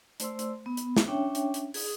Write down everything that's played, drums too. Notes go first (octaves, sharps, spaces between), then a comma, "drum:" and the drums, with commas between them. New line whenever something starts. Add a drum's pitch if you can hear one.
A3 C5 D5 C6 E6, drum: hi-hat
drum: hi-hat
B3
drum: hi-hat
drum: snare
C#4 D4 C#5 E5 G5
drum: hi-hat
drum: hi-hat
G#4 D#6, drum: open hi-hat